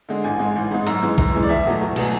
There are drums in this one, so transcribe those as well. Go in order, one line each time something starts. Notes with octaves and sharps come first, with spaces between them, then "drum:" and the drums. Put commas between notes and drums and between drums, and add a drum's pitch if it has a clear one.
D3 G#3
A1 G#5
G#2 G#3
A1
G#2 G#3
F#2, drum: hi-hat
E3 G#3
F#2, drum: kick
E3 G#3
D5
E2 E5
B2 F#3 A3
E2
B2 F#3 A3 G#5, drum: cymbal